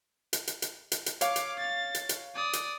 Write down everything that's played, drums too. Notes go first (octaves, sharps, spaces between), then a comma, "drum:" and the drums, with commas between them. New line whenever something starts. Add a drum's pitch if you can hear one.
drum: hi-hat
drum: hi-hat
drum: hi-hat
drum: hi-hat
drum: hi-hat
C#5 F5 D6, drum: hi-hat
drum: hi-hat
A6
drum: hi-hat
drum: hi-hat
D5 D#6
drum: hi-hat